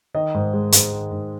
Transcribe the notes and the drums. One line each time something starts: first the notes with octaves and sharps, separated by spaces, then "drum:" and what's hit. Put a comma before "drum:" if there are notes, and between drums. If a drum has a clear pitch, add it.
D#3 D#5
G#2
G#3
G#2, drum: hi-hat
D#3
G#2